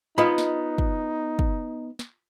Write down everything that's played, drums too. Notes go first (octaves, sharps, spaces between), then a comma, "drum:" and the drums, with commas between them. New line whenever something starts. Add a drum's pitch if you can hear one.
B3 D#4 F4 D#5 B5
drum: snare
drum: kick
drum: kick
drum: snare